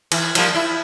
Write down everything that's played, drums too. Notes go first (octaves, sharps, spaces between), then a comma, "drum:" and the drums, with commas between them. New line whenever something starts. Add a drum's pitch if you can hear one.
E3, drum: cymbal
F3 G3 A#3, drum: cymbal
E4